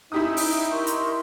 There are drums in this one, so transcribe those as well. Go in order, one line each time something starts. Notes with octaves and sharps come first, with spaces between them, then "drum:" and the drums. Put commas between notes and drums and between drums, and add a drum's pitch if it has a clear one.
C#4 D#4 E4 G4 D#6
drum: open hi-hat
A#4 C6 C#6
drum: hi-hat